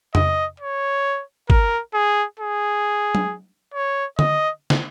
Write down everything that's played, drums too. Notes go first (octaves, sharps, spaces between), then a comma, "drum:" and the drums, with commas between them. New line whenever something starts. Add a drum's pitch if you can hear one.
D#5, drum: tom F2
C#5
A#4, drum: kick
G#4
G#4
drum: tom
C#5
D#5, drum: tom D3
drum: snare